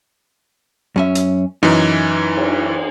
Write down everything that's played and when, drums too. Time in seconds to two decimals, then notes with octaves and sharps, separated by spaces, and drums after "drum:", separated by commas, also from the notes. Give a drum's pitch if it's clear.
0.96 F#2 C#4 E5
1.15 drum: hi-hat
1.63 F#2 E3 D#4
2.37 drum: cymbal